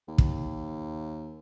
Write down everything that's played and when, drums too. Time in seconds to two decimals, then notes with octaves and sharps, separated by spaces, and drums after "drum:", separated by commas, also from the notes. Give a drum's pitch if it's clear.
0.08 D#2
0.18 drum: kick